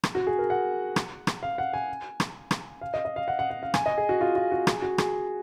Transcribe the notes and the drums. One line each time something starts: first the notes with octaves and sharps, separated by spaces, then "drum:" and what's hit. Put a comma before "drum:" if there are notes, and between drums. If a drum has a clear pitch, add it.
drum: rim click
F#4
G#4
A#4
F#5
drum: rim click
drum: rim click
F5
F#5
G#5
drum: rim click
drum: rim click
F5
D#5
D#5
F5
F#5
F#5
F#5
F5
G#5, drum: rim click
D#5
G#4
F#4
F4
F4
F#4
G#4, drum: rim click
F#4
G#4, drum: rim click